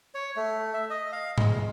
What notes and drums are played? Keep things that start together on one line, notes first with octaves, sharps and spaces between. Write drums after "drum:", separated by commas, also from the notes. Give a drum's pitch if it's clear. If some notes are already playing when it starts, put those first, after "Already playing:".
C#5
A3
E5
D#5
F5
G#3, drum: tom G#2